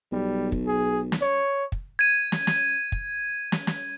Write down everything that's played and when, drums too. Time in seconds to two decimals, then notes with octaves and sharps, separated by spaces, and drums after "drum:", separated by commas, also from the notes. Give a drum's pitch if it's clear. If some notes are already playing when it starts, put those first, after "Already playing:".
0.13 B1 G3
0.52 drum: kick
0.67 G#4
1.12 drum: snare
1.22 C#5
1.72 drum: kick
1.99 G#6 D#7
2.32 drum: snare
2.47 drum: snare
2.92 drum: kick
3.52 drum: snare
3.67 drum: snare